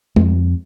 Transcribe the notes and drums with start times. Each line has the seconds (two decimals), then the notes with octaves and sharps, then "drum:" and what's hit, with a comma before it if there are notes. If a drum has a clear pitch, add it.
0.16 F2, drum: tom